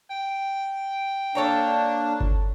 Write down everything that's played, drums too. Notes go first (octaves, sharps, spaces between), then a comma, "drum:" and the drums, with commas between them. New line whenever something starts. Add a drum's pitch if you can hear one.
G5
A#3 D4 A4 C#5 A#5
drum: kick G1